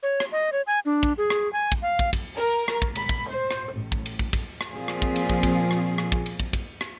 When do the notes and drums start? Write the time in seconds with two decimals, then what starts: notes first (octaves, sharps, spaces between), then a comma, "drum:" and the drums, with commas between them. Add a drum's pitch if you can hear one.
0.03 C#5
0.20 drum: rim click
0.32 D#5
0.52 C#5
0.67 G#5
0.85 D4
1.03 drum: kick
1.18 G#4
1.30 drum: rim click
1.53 G#5
1.72 drum: kick
1.82 F5
1.99 drum: kick
2.13 drum: kick, cymbal
2.35 A#4
2.68 drum: rim click
2.82 drum: kick
2.96 B5, drum: cymbal
3.09 drum: kick
3.28 C5
3.51 drum: rim click
3.74 A1
3.92 drum: kick
4.06 drum: cymbal
4.19 drum: kick
4.33 drum: kick, cymbal
4.61 drum: rim click
4.72 A#2 F3 C4 F4 G#4
4.88 drum: rim click
5.02 drum: kick
5.16 drum: cymbal
5.29 drum: kick
5.43 drum: kick, cymbal
5.71 drum: rim click
5.98 drum: rim click
6.12 drum: kick
6.26 drum: cymbal
6.40 drum: kick
6.53 drum: kick, cymbal
6.81 drum: rim click